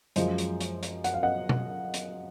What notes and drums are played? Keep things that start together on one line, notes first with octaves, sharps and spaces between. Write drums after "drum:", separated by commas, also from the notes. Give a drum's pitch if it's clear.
F#2 F3 G#3 C5 D#5, drum: hi-hat
drum: hi-hat
drum: hi-hat
drum: hi-hat
F#5, drum: hi-hat
F5
D#5 F#5
drum: tom
drum: hi-hat